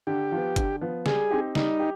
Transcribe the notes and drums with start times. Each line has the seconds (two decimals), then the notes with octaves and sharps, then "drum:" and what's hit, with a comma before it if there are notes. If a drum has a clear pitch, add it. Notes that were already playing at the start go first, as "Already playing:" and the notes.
0.07 D3 G4
0.32 F3 B3
0.56 D3, drum: kick G1, hi-hat
0.81 F3 B3
1.06 G3 G#4, drum: snare
1.30 C4 D#4 G4
1.55 G3 D#4, drum: snare
1.79 G4